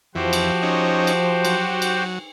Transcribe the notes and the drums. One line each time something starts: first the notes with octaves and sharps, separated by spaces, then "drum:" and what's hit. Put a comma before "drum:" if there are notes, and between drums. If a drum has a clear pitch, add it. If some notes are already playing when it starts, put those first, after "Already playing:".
F2 E3 F3 F#4 G4 C5
drum: cymbal
C#4 D#4
drum: cymbal
F#3, drum: cymbal
drum: cymbal